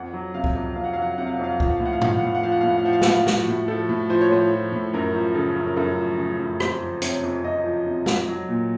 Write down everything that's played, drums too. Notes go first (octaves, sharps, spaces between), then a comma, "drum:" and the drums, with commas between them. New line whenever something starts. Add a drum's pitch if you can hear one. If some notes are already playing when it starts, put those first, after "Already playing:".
Already playing: F2 F#5
F#3
C3 F5
drum: kick C#2
F2
F2 F5
F#5
F#3 F5
F#5
F5
C3 F#5
F5
F#5
F2 F5
F#5
F3 F5, drum: kick C#2
F#5
F5
A2
F#5
F5
F3 F#5, drum: tom G2
F5
F#5
A2 F5
F#5
F3 F5
F#5
A2 F5
F#5
F5
F3 F#5
F5
F#5, drum: snare
A2 F5
F3 F#4, drum: snare
A2
F3 A4
A2
F3 C5
C#5
A2 C5
F3
A2
F#2 A#4
F3
C#3 A4
F#2
A#4
F#2 A4
F3
C#3
F#2
F2 C5, drum: rim click
F3
C3 C#5, drum: hi-hat
F2
F2 D#5
F3
C3
F2, drum: snare
F#3
A#2